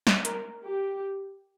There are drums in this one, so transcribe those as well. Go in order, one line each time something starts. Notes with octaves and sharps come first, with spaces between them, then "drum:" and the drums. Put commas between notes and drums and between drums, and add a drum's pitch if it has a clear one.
drum: snare
A#4, drum: hi-hat
G4